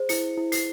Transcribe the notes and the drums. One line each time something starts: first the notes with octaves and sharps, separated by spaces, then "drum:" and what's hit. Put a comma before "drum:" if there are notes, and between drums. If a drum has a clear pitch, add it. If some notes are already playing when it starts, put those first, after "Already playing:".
Already playing: G#4 C5
E4 C#7, drum: hi-hat
E4
C7, drum: hi-hat